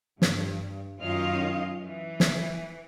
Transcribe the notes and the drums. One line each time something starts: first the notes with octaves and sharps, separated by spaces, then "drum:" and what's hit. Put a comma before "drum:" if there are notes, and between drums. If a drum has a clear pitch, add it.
G2, drum: snare
F#2 D#3 C#4 F4 D#5 F5
E3
drum: snare